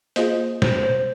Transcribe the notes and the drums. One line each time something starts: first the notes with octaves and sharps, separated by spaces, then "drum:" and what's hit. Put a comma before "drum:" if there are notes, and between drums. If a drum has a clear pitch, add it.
A#3 F4 G#4 C5 D#5, drum: hi-hat
C5, drum: snare
C5